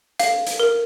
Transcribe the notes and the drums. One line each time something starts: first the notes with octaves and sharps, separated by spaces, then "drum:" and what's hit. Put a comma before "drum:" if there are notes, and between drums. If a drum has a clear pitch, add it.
F5, drum: hi-hat
drum: hi-hat
A#4